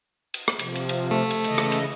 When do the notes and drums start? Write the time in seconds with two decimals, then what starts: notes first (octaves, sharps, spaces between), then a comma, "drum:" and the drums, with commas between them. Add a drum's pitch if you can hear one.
0.34 drum: cymbal
0.48 drum: rim click
0.59 C3 F3, drum: cymbal
0.75 drum: cymbal
0.89 drum: cymbal
1.11 A3
1.31 drum: cymbal
1.44 C#3 E3 D#5, drum: cymbal
1.58 drum: rim click
1.72 drum: cymbal